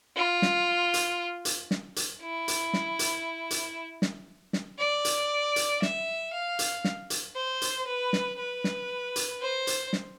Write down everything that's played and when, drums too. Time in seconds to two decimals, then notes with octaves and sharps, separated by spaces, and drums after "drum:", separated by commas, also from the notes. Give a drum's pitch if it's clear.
0.16 F4
0.42 drum: snare
0.94 drum: hi-hat
1.45 drum: hi-hat
1.71 drum: snare
1.96 drum: hi-hat
2.22 E4
2.48 drum: hi-hat
2.73 drum: snare
2.99 drum: hi-hat
3.51 drum: hi-hat
4.02 drum: snare
4.53 drum: snare
4.79 D5
5.05 drum: hi-hat
5.56 drum: hi-hat
5.82 E5, drum: snare
6.33 F5
6.59 drum: hi-hat
6.84 drum: snare
7.10 drum: hi-hat
7.36 C5
7.62 drum: hi-hat
7.87 B4
8.13 drum: snare
8.39 B4
8.64 drum: snare
9.16 drum: hi-hat
9.41 C5
9.67 drum: hi-hat
9.93 drum: snare